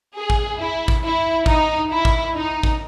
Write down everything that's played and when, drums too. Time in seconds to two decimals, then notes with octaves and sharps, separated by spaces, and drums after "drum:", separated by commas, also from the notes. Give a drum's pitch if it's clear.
0.16 G#4
0.30 drum: kick
0.59 E4
0.88 drum: kick
1.03 E4
1.46 D#4, drum: kick
1.91 E4
2.05 drum: kick
2.35 D#4
2.63 drum: kick